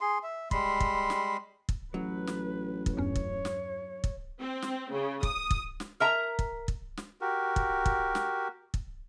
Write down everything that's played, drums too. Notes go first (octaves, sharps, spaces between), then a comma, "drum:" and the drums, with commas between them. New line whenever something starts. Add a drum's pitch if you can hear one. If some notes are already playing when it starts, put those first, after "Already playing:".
G#4 C6
E5
G3 G#3 B5 C6, drum: kick
drum: kick
drum: snare
drum: kick
A1 F#3 B4
drum: snare
drum: kick
E2 G2 C#4 C#5
drum: kick
drum: snare
drum: kick
C4
drum: snare
C#3
D#6, drum: kick
drum: kick
drum: snare
A#4 E5 A#5
drum: kick
drum: kick
drum: snare
F#4 G4 A#4
drum: kick
drum: kick
drum: snare
drum: kick